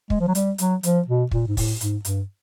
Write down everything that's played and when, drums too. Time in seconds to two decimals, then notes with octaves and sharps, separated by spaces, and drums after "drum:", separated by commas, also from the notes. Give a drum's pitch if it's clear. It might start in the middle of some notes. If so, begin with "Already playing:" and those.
0.10 G#3, drum: kick
0.20 F3
0.27 F#3
0.35 G3, drum: hi-hat
0.58 F#3, drum: hi-hat
0.83 F3, drum: hi-hat
1.08 B2
1.31 A#2, drum: kick
1.47 G#2
1.57 A2, drum: kick, open hi-hat
1.81 G#2, drum: hi-hat
2.05 G2, drum: hi-hat